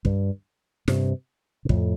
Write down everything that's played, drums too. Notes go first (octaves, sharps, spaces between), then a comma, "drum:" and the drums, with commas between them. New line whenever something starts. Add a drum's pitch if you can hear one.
G2, drum: kick
G2 C3, drum: snare
C3
F2 A2, drum: kick